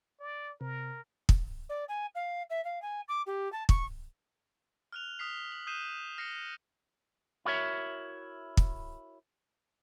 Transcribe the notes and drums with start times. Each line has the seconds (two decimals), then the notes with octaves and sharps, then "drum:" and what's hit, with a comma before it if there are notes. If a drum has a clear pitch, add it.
0.20 D5
0.61 C3 A#4
1.29 drum: kick
1.69 D5
1.89 G#5
2.15 F5
2.50 E5
2.64 F5
2.82 G#5
3.08 D6
3.26 G4
3.52 A5
3.69 C#6, drum: kick
4.92 F6 F#6 F7
5.19 D#6 F6 B6 C7 F7
5.52 F6 F#7
5.67 D#6 F#6 G6 C7 D#7 E7
6.18 F6 A#6 C7 C#7
7.45 E4 F#4 A#4 C#5 E5
8.57 drum: kick